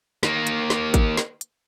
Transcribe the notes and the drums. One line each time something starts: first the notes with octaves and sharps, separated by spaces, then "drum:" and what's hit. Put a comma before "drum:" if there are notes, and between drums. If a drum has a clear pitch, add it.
D#3 A#3, drum: snare
drum: hi-hat
drum: snare
drum: kick G#1, hi-hat
drum: snare
drum: hi-hat